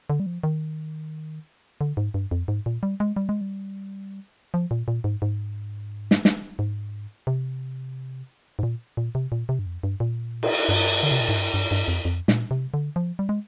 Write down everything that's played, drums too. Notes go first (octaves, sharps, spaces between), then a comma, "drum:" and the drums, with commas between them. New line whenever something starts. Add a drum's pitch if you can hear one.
D3
G3
F3
D#3
D3
G#2
G2
F2
G#2
A#2
G3
G#3
G3
G#3
G3
F3
A#2
A#2
G#2
G#2
drum: snare
drum: snare
G#2
C3
G#2
A#2
A#2
C3
A#2
C3
G2
F2
G2
A#2
drum: cymbal
G2
D3
C3
A#2
G#2
G2
G2
G2
F2
F2
A#2, drum: snare
C3
D3
F3
G3
G#3